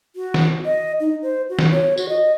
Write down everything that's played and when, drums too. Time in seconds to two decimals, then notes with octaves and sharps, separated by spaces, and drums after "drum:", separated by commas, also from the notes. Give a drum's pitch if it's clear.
0.16 F#4
0.34 drum: snare
0.65 D#5
1.00 D#4
1.23 C5
1.50 F#4
1.59 drum: snare
1.72 C#5
1.97 F#4, drum: tambourine
2.09 D#5